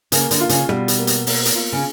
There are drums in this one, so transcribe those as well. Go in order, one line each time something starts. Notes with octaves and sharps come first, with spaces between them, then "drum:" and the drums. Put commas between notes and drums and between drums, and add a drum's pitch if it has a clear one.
C#3 A#3, drum: hi-hat
D3, drum: hi-hat
F4
C#3, drum: hi-hat
B2 G3, drum: rim click
drum: hi-hat
A#3
drum: hi-hat
A#3, drum: open hi-hat
drum: hi-hat
F4
C#3